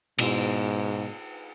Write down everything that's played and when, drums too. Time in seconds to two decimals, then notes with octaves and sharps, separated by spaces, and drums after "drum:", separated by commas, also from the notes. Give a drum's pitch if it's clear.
0.19 G#2 B2 E4 C6, drum: cymbal